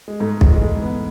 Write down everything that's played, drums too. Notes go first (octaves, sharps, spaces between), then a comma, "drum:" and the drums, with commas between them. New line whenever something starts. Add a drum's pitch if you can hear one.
G#3
G#2 A3
G#3, drum: kick
E3
G#3
A3
G#2
B3